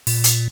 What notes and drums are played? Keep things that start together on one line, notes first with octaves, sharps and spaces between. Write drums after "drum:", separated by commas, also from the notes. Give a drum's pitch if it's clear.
A#2, drum: open hi-hat
drum: hi-hat